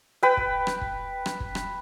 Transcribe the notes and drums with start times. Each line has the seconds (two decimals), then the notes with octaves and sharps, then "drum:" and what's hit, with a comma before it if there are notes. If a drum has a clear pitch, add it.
0.23 B4 G5
0.37 drum: kick
0.67 drum: rim click
0.81 drum: kick
1.26 drum: rim click
1.40 drum: kick
1.55 drum: rim click